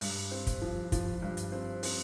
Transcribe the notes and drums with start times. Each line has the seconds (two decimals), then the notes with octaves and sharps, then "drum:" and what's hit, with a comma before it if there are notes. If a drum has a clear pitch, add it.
0.01 G2, drum: open hi-hat
0.31 C4
0.47 drum: kick, hi-hat
0.61 F3
0.92 F3, drum: kick, hi-hat
1.22 G2
1.37 drum: hi-hat
1.52 C4
1.83 C4, drum: open hi-hat